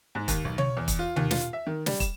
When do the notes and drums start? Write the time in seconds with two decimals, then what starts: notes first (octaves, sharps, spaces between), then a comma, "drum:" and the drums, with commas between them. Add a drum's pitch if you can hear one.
0.15 G#2
0.28 D#2, drum: kick, hi-hat
0.45 B1
0.58 C#5, drum: tom B2
0.77 E2
0.88 drum: kick, hi-hat
0.99 F4
1.16 D#2, drum: tom B2
1.31 F4, drum: snare
1.53 E5
1.66 D#3
1.86 G3, drum: snare
2.00 E7, drum: kick, hi-hat